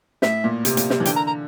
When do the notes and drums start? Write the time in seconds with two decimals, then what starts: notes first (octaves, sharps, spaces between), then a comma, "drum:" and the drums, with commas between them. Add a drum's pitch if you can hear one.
0.22 A2 E5, drum: snare
0.44 A#2
0.65 C3, drum: hi-hat
0.77 A#2, drum: hi-hat
0.90 C3, drum: snare
1.00 E3
1.05 D3 G5, drum: hi-hat
1.16 A#5
1.27 A#5